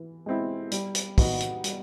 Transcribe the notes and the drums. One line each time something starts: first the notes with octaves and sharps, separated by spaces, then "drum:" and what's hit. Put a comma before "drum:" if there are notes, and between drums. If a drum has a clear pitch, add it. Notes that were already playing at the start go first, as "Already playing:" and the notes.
Already playing: E3
G#3 C4 E4
G3, drum: hi-hat
drum: hi-hat
B3 D#4 F#4, drum: kick, open hi-hat
drum: hi-hat
G3, drum: hi-hat